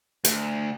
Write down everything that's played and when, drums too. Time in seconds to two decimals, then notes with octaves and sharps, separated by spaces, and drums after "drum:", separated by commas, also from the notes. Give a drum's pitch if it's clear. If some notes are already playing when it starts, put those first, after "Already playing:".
0.25 D2, drum: hi-hat